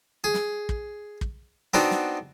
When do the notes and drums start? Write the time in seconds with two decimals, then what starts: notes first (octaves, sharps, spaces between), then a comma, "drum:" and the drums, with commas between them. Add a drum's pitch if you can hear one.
0.24 G#4
0.34 drum: snare
0.69 drum: kick
1.21 drum: kick
1.74 B3 C4 D4 D#4 F#4, drum: snare
1.91 drum: snare